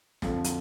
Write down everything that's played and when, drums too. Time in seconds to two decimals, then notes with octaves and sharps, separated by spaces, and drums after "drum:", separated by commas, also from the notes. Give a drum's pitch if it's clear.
0.22 F2 D3 F3 F5, drum: snare
0.44 drum: hi-hat